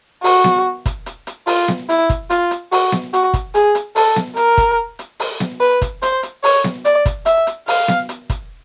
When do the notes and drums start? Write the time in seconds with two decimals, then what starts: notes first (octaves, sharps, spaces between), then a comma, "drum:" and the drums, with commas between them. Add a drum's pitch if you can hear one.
0.24 F#4, drum: open hi-hat
0.44 drum: snare B3
0.86 drum: kick, hi-hat
1.06 drum: hi-hat
1.27 drum: hi-hat
1.47 F4, drum: open hi-hat
1.68 drum: snare B3
1.89 E4, drum: hi-hat
2.10 drum: kick, hi-hat
2.30 F4, drum: hi-hat
2.51 drum: hi-hat
2.72 F#4, drum: open hi-hat
2.92 drum: snare B3
3.13 F#4, drum: hi-hat
3.34 drum: kick, hi-hat
3.55 G#4, drum: hi-hat
3.75 drum: hi-hat
3.96 A4, drum: open hi-hat
4.16 drum: snare B3
4.37 A#4, drum: hi-hat
4.58 drum: kick, hi-hat
4.99 drum: hi-hat
5.20 drum: open hi-hat
5.40 drum: snare B3
5.60 B4
5.82 drum: kick, hi-hat
6.03 C5, drum: hi-hat
6.23 drum: hi-hat
6.44 C#5, drum: open hi-hat
6.64 drum: snare B3
6.85 D5, drum: hi-hat
7.06 drum: kick, hi-hat
7.26 E5, drum: hi-hat
7.47 drum: hi-hat
7.68 F5, drum: open hi-hat
7.88 drum: snare B3
8.09 drum: hi-hat
8.30 drum: kick, hi-hat